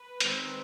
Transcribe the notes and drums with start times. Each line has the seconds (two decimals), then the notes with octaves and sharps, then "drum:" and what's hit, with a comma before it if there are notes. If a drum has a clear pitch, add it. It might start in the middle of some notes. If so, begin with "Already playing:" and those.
Already playing: B4
0.20 D#3 G#3 C4, drum: hi-hat